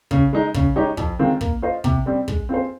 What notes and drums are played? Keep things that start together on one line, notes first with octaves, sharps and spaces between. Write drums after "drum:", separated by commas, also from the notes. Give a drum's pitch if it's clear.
C#3, drum: kick
G#3 D#4
C#3, drum: kick
G#3 D#4 G4 C#5
F2, drum: kick
D#3 G#3 C4 F4
A#3, drum: kick
F4 C5 D#5
C3, drum: kick
G3 C4
G#3, drum: kick
C4 F4 G#4 C5